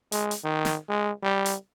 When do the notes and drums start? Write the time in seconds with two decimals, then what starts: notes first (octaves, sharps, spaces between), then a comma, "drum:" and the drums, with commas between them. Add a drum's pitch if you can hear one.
0.12 G#3, drum: hi-hat
0.31 drum: hi-hat
0.44 D#3
0.65 drum: snare
0.89 G#3
1.23 G3
1.46 drum: hi-hat